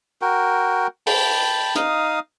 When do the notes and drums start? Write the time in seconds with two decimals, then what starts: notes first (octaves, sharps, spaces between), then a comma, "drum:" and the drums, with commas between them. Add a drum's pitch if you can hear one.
0.22 F#4 A#4 G5
1.07 G5 A5 B5, drum: open hi-hat
1.76 D#4 F5 D#6, drum: hi-hat